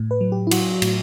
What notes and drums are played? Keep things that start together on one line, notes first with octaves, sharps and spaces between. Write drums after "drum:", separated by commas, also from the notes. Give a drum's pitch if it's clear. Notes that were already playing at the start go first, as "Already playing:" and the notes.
Already playing: A2
B4
F#3
G4
E4
F#3 F#4, drum: cymbal
F#4
A2, drum: cymbal